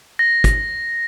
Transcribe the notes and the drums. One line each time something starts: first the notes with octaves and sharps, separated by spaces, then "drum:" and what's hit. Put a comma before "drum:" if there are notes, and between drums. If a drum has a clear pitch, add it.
A#6
drum: kick, hi-hat